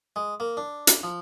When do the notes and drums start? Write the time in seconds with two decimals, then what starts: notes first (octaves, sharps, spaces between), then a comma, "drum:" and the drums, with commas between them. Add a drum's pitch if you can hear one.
0.16 G#3
0.40 A#3
0.57 D4
0.87 drum: hi-hat
1.03 F3